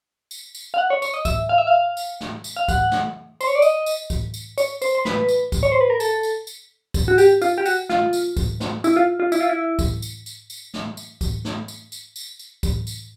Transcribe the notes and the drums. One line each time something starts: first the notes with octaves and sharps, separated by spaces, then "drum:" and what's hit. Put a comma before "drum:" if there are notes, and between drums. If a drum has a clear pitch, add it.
drum: tambourine
drum: tambourine
F5
F#5
C#5
C#5, drum: tambourine
D#5
E5, drum: kick C#2, tambourine
F5
E5
F5
drum: tambourine
drum: snare
drum: tambourine
F5
F#5, drum: kick C#2, tambourine
drum: snare
C5, drum: tambourine
C#5
D5
D#5, drum: tambourine
drum: tambourine
drum: kick C#2, tambourine
drum: tambourine
C#5, drum: tambourine
C5, drum: tambourine
C5
B4, drum: snare
drum: tambourine
drum: kick C#2, tambourine
C#5
C5
B4
A#4
A4, drum: tambourine
drum: tambourine
drum: tambourine
drum: kick C#2, tambourine
F#4
G4, drum: tambourine
F4, drum: tambourine
G4
F#4, drum: tambourine
F4, drum: snare
drum: tambourine
drum: kick C#2, tambourine
drum: snare
E4, drum: tambourine
F4
F4
E4, drum: tambourine
F4
E4
drum: kick C#2, tambourine
drum: tambourine
drum: tambourine
drum: tambourine
drum: snare
drum: tambourine
drum: kick C#2, tambourine
drum: snare
drum: tambourine
drum: tambourine
drum: tambourine
drum: tambourine
drum: kick C#2, tambourine
drum: tambourine